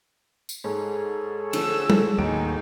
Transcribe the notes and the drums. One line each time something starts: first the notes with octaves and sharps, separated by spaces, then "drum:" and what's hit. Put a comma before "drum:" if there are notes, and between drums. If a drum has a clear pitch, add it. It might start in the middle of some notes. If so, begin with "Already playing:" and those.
drum: tambourine
G#2 G#4 A4 C#5
D3 F3 A3 E6, drum: cymbal
drum: tom G3
D#2 A2 F#3 G#3 D#4 D7